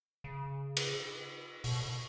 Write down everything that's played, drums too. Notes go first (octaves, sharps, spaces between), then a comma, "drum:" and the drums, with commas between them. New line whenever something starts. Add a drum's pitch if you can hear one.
C#3
drum: cymbal
B2, drum: open hi-hat